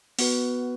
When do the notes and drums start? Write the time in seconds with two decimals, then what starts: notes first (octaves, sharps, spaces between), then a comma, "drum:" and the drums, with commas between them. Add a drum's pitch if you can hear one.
0.19 B3 F#4 B4, drum: open hi-hat